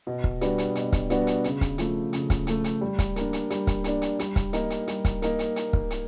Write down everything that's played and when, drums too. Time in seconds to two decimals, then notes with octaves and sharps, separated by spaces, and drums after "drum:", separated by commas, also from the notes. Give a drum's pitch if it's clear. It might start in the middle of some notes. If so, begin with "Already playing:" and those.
0.07 B2
0.24 drum: kick
0.41 G3 B3 D4 F#4, drum: hi-hat
0.58 drum: hi-hat
0.75 B2, drum: hi-hat
0.93 drum: kick, hi-hat
1.10 G3 B3 D4 F#4, drum: hi-hat
1.27 drum: hi-hat
1.44 C#3, drum: hi-hat
1.61 drum: kick, hi-hat
1.78 F3 A3, drum: hi-hat
2.13 C#3, drum: hi-hat
2.30 drum: kick, hi-hat
2.47 F3 A3, drum: hi-hat
2.64 drum: hi-hat
2.81 G3
2.99 drum: kick, hi-hat
3.16 A#3 D4, drum: hi-hat
3.33 drum: hi-hat
3.50 G3, drum: hi-hat
3.67 drum: kick, hi-hat
3.84 A#3 D4, drum: hi-hat
4.02 drum: hi-hat
4.19 G3, drum: hi-hat
4.36 drum: kick, hi-hat
4.53 A#3 D#4, drum: hi-hat
4.70 drum: hi-hat
4.87 G3, drum: hi-hat
5.05 drum: kick, hi-hat
5.22 A#3 D#4, drum: hi-hat
5.39 drum: hi-hat
5.56 drum: hi-hat
5.73 drum: kick
5.90 drum: hi-hat